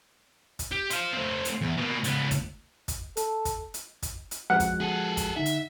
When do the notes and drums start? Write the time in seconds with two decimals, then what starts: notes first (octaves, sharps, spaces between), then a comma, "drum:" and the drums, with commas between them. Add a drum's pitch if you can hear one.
0.59 drum: kick, hi-hat
0.72 G4
0.90 C5 F5, drum: hi-hat
1.13 A3 C4
1.45 drum: hi-hat
1.61 E2
1.77 B2 A#3
2.04 C#2 B3, drum: hi-hat
2.31 drum: kick, hi-hat
2.88 drum: kick, hi-hat
3.17 A4, drum: hi-hat
3.45 drum: kick, hi-hat
3.74 drum: hi-hat
4.03 drum: kick, hi-hat
4.31 drum: hi-hat
4.50 F3 G#3 F#4 F#5
4.60 drum: kick, hi-hat
4.81 G#4 A4
5.17 drum: kick, hi-hat
5.36 D3 D#4 E5
5.46 drum: hi-hat